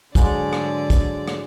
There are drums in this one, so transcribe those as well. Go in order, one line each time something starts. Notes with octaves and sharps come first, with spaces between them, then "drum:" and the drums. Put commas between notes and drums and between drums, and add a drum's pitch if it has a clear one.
G#2 D3 F#3 G#3 D5 A#5, drum: kick, hi-hat
drum: rim click
drum: kick, hi-hat
drum: rim click